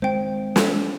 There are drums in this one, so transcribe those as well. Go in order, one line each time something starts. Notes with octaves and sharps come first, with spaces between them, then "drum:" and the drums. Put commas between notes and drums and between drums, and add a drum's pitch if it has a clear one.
G#3 C4 C5 G5
drum: snare